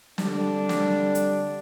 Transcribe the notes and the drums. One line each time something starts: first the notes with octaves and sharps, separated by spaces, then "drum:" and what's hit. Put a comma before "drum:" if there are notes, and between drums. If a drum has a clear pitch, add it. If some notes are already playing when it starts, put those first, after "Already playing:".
D3 G3 D4, drum: snare
drum: snare
drum: hi-hat